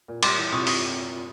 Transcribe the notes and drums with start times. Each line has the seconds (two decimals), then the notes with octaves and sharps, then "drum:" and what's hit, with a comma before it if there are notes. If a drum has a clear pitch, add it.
0.08 A#2
0.23 G3 C6 D6, drum: cymbal
0.38 E3
0.52 C3 C#6 D#6
0.67 C3 C#6 D#6, drum: open hi-hat